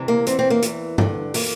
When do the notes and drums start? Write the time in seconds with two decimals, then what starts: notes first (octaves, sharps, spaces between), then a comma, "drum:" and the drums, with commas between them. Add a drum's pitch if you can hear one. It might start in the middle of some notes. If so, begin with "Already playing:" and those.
Already playing: D2 C3 E3
0.08 A#3
0.26 E2 E3 C4, drum: hi-hat
0.39 C4
0.50 A#3
0.62 E2 E3, drum: hi-hat
0.98 G2 D3, drum: tom G2
1.34 E3 A#3, drum: open hi-hat